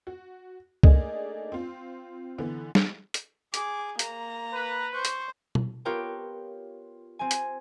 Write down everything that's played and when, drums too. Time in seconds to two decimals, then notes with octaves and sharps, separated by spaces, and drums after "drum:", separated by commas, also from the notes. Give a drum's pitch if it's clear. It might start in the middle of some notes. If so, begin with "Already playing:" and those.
0.07 F#4
0.83 A3 A#3 D4 D#4 G#4 D#5, drum: kick C2
1.52 C4 F4
2.38 D3 E3 B3
2.75 drum: snare
3.14 drum: hi-hat
3.54 G#4 D6, drum: hi-hat
3.99 A#3 A#5, drum: hi-hat
4.53 B4
4.95 C5 C#6
5.05 drum: hi-hat
5.55 drum: tom
5.85 B3 F4 G4 A#4 C#5 G5
7.19 C4 G#5
7.31 drum: hi-hat